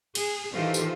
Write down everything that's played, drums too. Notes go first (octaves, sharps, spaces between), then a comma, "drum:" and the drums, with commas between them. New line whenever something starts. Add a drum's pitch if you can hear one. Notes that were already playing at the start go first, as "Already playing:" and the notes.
G#4, drum: cymbal
D#3 E3 F4 G4 A4 C5
drum: tambourine